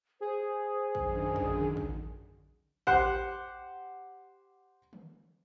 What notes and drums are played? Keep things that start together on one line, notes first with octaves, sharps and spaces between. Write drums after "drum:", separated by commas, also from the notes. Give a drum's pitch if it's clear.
G#4 C5
F#2 D3 D#3, drum: kick A1
drum: kick A1
drum: kick A1
G4 C5 F#5, drum: kick A1
drum: tom D3